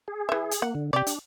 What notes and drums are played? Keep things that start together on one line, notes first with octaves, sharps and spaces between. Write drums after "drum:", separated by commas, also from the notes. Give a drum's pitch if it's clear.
G#4
E3 E5
drum: hi-hat
A#3 F#5
D3
C3 G4 D5
D4, drum: hi-hat